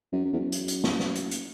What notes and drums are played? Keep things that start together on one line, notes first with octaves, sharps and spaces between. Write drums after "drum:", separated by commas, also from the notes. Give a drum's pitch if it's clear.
F#2
F#2
E2
F#2
drum: hi-hat
drum: hi-hat
drum: snare
drum: snare
drum: hi-hat
drum: hi-hat